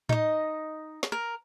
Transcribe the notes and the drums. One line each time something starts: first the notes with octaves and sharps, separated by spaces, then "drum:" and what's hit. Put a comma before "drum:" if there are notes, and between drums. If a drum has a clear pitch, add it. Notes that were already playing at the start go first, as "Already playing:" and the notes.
D#4 D#5, drum: tom A2
drum: snare
A#4